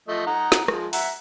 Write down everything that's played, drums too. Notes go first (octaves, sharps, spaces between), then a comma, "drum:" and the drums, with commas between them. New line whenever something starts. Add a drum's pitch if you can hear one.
F3 A3 D#5
D#4 F#5 A#5
drum: snare
F3 G#3, drum: rim click
E5 F#5 A#5, drum: open hi-hat